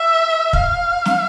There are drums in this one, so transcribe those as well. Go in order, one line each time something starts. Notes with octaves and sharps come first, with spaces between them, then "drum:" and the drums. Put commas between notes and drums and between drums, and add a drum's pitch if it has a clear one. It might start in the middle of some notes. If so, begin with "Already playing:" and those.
Already playing: E5
F5, drum: kick
drum: snare